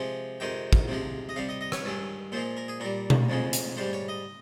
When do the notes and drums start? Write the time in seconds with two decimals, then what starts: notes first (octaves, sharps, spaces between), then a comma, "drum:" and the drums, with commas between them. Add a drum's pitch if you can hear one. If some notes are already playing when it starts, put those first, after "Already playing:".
Already playing: C3 F3 G#3
0.40 F2 C3 D#3 G#3 G5
0.73 drum: kick
0.88 C3 F3 G#3
1.29 D#5
1.36 C3 G3 F5
1.49 D#5
1.61 D#5
1.72 C#5, drum: rim click
1.85 G2 D#3 G#3
2.32 A#2 F3 G#3 C5
2.57 A#4
2.68 G#4
2.80 A#2 G3 A#4
3.10 drum: tom B2
3.29 F2 C#3 F3 G#3
3.53 drum: hi-hat
3.77 G#2 G3 C5
3.93 C#5
4.08 D#5